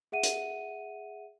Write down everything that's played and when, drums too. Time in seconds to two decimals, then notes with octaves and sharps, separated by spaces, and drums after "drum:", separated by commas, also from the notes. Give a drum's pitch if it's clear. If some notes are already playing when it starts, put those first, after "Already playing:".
0.12 G#4 E5 F#5 D#7
0.23 drum: hi-hat